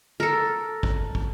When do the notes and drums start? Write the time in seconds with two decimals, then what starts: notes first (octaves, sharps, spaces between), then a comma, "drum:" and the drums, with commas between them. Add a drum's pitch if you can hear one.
0.20 A4 A#4
0.83 drum: kick
1.15 drum: kick